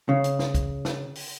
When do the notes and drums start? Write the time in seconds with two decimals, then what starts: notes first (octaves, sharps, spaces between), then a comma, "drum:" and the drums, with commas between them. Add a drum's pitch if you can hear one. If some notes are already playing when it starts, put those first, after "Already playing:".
0.09 C#3
0.24 drum: hi-hat
0.39 drum: snare
0.54 drum: kick, hi-hat
0.85 drum: snare
1.15 drum: open hi-hat